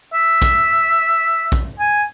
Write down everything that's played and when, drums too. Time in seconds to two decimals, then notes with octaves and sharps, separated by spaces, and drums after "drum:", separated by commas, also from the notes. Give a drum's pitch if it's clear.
0.14 E5
0.42 drum: kick, hi-hat
1.52 drum: kick, hi-hat
1.79 G#5